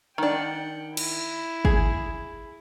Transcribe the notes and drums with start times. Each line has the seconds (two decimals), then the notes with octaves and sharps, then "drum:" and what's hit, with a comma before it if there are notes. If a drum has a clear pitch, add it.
0.18 D#3 D4 F#5 G5
0.97 E4, drum: cymbal
1.65 G#4, drum: kick